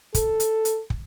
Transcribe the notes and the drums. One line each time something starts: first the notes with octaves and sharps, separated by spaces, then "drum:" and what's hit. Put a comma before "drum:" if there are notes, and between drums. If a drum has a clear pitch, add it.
A4, drum: kick, hi-hat
drum: hi-hat
drum: hi-hat
drum: kick